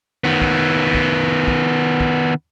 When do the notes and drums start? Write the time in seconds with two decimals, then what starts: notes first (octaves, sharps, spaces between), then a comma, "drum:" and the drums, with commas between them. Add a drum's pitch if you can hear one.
0.24 D#3 B3
0.42 drum: kick
0.95 drum: kick
1.48 drum: kick
2.01 drum: kick